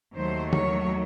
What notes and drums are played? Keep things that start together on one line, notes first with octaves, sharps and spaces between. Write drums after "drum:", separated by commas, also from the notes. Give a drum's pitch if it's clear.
D#2 D#3 F#3 A3 C5
C#5, drum: tom